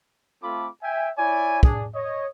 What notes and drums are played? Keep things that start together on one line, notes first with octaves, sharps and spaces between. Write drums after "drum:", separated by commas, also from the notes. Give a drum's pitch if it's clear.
A3 C4 F4 A4 B5 D6
E5 G5 G#5
E4 C#5 D5 G#5
D4 G#4, drum: kick
C#5 D#5